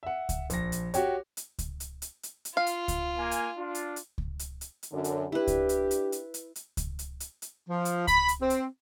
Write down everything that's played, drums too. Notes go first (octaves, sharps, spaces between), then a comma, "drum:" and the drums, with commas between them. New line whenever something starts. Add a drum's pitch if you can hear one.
E5 F#5
drum: kick C#2, hi-hat
A#1 A#6, drum: hi-hat
drum: hi-hat
F#4 G4 C#5, drum: hi-hat
drum: hi-hat
drum: kick C#2, hi-hat
drum: hi-hat
drum: hi-hat
drum: hi-hat
drum: hi-hat
F4 F5
drum: hi-hat
drum: kick C#2, hi-hat
A#3 G#5
drum: hi-hat
D4 F4
drum: hi-hat
drum: hi-hat
drum: kick C#2
drum: hi-hat
drum: hi-hat
drum: hi-hat
F#2 D3
drum: hi-hat
D4 E4 G4 B4
drum: kick C#2, hi-hat
drum: hi-hat
drum: hi-hat
drum: hi-hat
drum: hi-hat
drum: hi-hat
drum: kick C#2, hi-hat
drum: hi-hat
drum: hi-hat
drum: hi-hat
F3
drum: hi-hat
B5, drum: kick C#2, hi-hat
drum: hi-hat
C4
drum: hi-hat